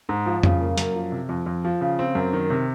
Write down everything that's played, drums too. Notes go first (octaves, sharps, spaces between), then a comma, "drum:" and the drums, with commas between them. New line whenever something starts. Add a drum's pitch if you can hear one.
G#2
F3
C#3, drum: tom F2
A#3
F#2, drum: hi-hat
F3
C3
F2
F2
F3
C#3
C4
F#2
D#3
C3